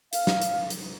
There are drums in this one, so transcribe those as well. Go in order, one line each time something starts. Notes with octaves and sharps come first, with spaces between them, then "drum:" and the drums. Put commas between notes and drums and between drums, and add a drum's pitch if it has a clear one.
F5, drum: hi-hat
drum: snare
drum: hi-hat
drum: hi-hat